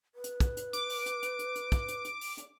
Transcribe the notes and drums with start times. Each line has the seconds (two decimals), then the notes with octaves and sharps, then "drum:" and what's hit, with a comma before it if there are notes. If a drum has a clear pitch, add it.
0.15 B4
0.24 drum: hi-hat
0.40 drum: kick, hi-hat
0.57 drum: hi-hat
0.73 D6, drum: hi-hat
0.90 drum: open hi-hat
1.06 drum: hi-hat
1.23 drum: hi-hat
1.39 drum: hi-hat
1.55 drum: hi-hat
1.72 drum: kick, hi-hat
1.88 drum: hi-hat
2.05 drum: hi-hat
2.21 drum: open hi-hat
2.38 drum: hi-hat